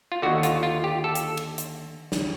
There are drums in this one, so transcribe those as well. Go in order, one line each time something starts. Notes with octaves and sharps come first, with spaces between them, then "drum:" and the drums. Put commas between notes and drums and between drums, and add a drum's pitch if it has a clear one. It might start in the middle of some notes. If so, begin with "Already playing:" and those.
F4
D#2 D3 F#4
F4, drum: hi-hat
F4
G4
A4
drum: hi-hat
drum: cymbal
drum: hi-hat
drum: snare